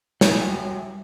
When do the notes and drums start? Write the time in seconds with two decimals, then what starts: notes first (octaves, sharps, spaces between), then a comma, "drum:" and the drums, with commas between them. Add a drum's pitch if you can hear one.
0.21 F#3 G3 E5 G#5, drum: snare